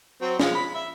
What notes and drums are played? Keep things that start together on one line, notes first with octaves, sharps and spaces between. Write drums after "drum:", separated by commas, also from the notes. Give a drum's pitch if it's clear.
F#3 C4
F3 G#3 F4, drum: snare
B5
E5